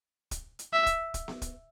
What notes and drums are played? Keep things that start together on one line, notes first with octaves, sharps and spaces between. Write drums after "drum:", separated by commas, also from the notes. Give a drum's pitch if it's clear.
drum: kick, hi-hat
drum: hi-hat
E5
drum: kick, hi-hat
drum: kick, hi-hat
drum: snare B3
drum: kick, hi-hat